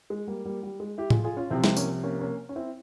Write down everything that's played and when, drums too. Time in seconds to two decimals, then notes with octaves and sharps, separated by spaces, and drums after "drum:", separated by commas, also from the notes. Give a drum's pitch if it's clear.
0.10 G#3
0.28 G3 A#3
0.45 G3 A#3
0.63 G3
0.80 G#3
0.98 E4 G4
1.10 F4 G#4, drum: tom A2
1.24 F4 G#4
1.37 C#4 F4
1.50 C2 C3 F3 C4 E4
1.64 C4 E4, drum: snare
1.76 A#3 C#4, drum: tambourine
2.03 A#3 C#4
2.20 A#3 C#4
2.49 C#4
2.56 C4 E4